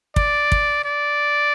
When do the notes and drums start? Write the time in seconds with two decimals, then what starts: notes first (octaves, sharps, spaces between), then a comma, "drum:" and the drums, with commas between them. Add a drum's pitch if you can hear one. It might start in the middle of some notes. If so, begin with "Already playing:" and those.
0.16 D5, drum: kick
0.52 drum: kick
0.85 D5